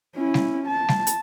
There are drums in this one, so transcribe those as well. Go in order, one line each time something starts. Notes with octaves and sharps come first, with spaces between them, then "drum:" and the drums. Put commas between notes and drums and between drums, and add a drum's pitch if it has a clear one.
C#4 E4
drum: snare G3
A5
drum: snare G3
drum: hi-hat